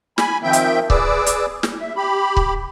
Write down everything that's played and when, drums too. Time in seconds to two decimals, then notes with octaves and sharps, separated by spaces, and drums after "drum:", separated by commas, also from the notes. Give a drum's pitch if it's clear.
0.18 G#5 B5, drum: snare
0.43 D#3 F3 C4 E5 G5 G6
0.53 drum: hi-hat
0.90 G#4 B4 D5 D6 E6, drum: kick C#1
1.26 drum: hi-hat
1.63 drum: snare
1.80 E5
1.96 G4 B5
2.37 drum: kick C#1